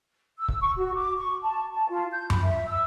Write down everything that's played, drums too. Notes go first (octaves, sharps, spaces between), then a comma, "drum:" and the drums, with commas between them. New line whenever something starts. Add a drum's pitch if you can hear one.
E6
drum: kick C#1
C#6
F#4
D6
C#6
A5
A5
F4
G6
B5, drum: tom F#2
E5
E6